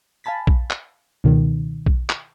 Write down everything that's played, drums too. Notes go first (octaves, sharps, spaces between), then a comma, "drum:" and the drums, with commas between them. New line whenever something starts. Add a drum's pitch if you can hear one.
F5 G#5 A5 B5 A6 B6
drum: kick A#1
drum: clap
C#2 B2 D#3
drum: kick A#1
drum: clap